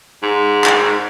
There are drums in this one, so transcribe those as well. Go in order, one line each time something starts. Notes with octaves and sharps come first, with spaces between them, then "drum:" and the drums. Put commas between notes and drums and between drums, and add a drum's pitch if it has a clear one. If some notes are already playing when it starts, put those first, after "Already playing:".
G#2
drum: clap